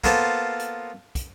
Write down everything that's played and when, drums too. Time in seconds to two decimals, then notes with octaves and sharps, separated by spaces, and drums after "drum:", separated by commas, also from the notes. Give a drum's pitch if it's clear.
0.04 A#3 B3 F4 A4 C5 A5, drum: kick, hi-hat
0.59 drum: hi-hat
1.15 drum: kick, hi-hat